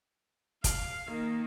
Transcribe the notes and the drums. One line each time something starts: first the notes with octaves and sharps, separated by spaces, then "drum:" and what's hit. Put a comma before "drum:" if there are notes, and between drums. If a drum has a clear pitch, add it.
F5, drum: kick, hi-hat
D#3 A#3